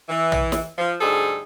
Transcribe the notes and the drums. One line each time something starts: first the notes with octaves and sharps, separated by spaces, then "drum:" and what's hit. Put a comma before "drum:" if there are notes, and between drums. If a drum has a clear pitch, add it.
E3
drum: tom A#1
drum: snare
F3
D2 G#2 G3 G#4 A4